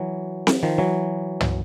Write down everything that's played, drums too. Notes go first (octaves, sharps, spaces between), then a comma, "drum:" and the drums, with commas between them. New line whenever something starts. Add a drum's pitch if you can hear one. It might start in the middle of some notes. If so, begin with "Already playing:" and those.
Already playing: E3 F#3
drum: snare C4
D#3 F3
E3 F#3
drum: tom